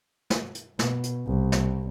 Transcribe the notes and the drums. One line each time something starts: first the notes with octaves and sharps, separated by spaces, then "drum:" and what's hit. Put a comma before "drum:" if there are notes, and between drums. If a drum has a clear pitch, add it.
drum: snare
drum: hi-hat
B2, drum: snare
drum: hi-hat
C2
drum: snare